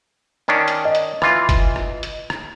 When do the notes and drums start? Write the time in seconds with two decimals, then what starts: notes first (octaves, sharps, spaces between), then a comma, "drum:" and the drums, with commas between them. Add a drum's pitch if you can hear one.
0.48 D#3 C#4 D4
0.68 drum: hi-hat
0.85 D#5
0.95 drum: hi-hat
1.22 E3 F4, drum: rim click
1.49 drum: kick F#1, hi-hat
1.76 drum: rim click
2.03 drum: hi-hat
2.30 drum: rim click